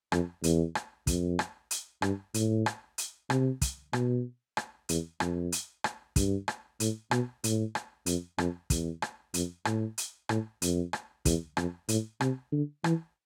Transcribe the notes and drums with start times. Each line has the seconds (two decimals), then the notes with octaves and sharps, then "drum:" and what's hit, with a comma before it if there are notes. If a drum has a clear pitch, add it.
0.12 F2, drum: rim click
0.44 E2, drum: hi-hat
0.75 drum: rim click
1.07 F2, drum: kick, hi-hat
1.39 drum: rim click
1.71 drum: hi-hat
2.02 G2, drum: rim click
2.34 A2, drum: hi-hat
2.66 drum: rim click
2.98 drum: hi-hat
3.30 C3, drum: rim click
3.62 drum: kick, hi-hat
3.93 B2, drum: rim click
4.57 drum: rim click
4.89 E2, drum: hi-hat
5.20 F2, drum: rim click
5.52 drum: hi-hat
5.84 drum: rim click
6.16 G2, drum: kick, hi-hat
6.48 drum: rim click
6.80 A2, drum: hi-hat
7.11 B2, drum: rim click
7.44 A2, drum: hi-hat
7.75 drum: rim click
8.06 F2, drum: hi-hat
8.38 F2, drum: rim click
8.70 E2, drum: kick, hi-hat
9.02 drum: rim click
9.34 F2, drum: hi-hat
9.65 A2, drum: rim click
9.98 drum: hi-hat
10.29 A2, drum: rim click
10.62 F2, drum: hi-hat
10.93 drum: rim click
11.25 E2, drum: kick, hi-hat
11.57 F2, drum: rim click
11.89 A2, drum: hi-hat
12.20 C3, drum: rim click
12.52 D3
12.84 E3, drum: rim click